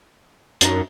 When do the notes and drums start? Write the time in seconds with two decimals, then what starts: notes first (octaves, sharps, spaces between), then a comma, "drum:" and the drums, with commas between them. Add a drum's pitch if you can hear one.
0.61 F#2 D4 D#4, drum: hi-hat